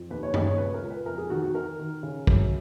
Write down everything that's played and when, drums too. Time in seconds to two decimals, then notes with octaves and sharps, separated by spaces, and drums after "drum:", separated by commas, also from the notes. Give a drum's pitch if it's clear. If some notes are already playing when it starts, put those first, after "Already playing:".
Already playing: F2
0.11 D#2 B4
0.23 C#5
0.34 C#3 D#5, drum: tom G2
0.46 C#5
0.58 C#2 B4
0.74 A#4
0.83 C#2
0.90 B4
1.06 F2 A#4
1.18 G#4
1.30 D#3 F#4
1.42 F#4
1.55 D#3 A#4
1.79 D#3
2.03 C#3
2.27 F#2, drum: kick